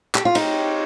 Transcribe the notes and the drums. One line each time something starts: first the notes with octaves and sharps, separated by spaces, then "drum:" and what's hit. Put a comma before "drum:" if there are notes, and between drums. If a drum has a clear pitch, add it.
G4, drum: clap
F4
C4 D#4 G4 C#5, drum: cymbal